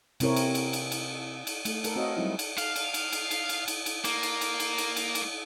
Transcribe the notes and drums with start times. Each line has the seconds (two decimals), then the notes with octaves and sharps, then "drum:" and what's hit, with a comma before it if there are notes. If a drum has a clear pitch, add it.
0.20 C3 C4 E4 A#4 C#5, drum: cymbal
0.36 drum: cymbal
0.55 drum: cymbal
0.73 drum: cymbal
0.92 drum: cymbal
1.47 drum: cymbal
1.65 A3, drum: cymbal
1.84 A3 A4 A#4, drum: cymbal
1.96 C4 F#4 C#5 D#5 F5
2.17 F#3 G3 C4 D#4 E4
2.39 drum: cymbal
2.58 F5, drum: cymbal
2.76 drum: cymbal
2.94 drum: cymbal
3.12 drum: cymbal
3.31 drum: cymbal
3.49 drum: cymbal
3.68 drum: cymbal
3.86 drum: cymbal
4.04 A#3, drum: cymbal
4.23 drum: cymbal
4.41 drum: cymbal
4.60 drum: cymbal
4.78 drum: cymbal
4.97 drum: cymbal
5.15 drum: cymbal